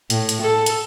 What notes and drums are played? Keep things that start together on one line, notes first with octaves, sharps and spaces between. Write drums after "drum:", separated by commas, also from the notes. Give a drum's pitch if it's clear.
A2, drum: hi-hat
drum: hi-hat
A4
drum: hi-hat